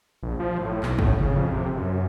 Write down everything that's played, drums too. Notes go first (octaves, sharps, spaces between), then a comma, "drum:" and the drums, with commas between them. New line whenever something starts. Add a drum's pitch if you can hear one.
A#1
F3
A2
B1, drum: clap
A2, drum: kick
C#3
F2
C3
F#2